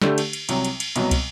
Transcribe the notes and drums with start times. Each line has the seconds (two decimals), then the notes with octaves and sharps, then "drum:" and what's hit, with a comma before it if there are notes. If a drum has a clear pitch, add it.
0.02 D3 A3 D4 G4, drum: snare
0.18 drum: cymbal
0.33 drum: cymbal
0.49 C2 C3 F#3, drum: cymbal
0.65 drum: cymbal
0.80 drum: cymbal
0.96 C2 B2 F#3, drum: cymbal
1.11 drum: kick, cymbal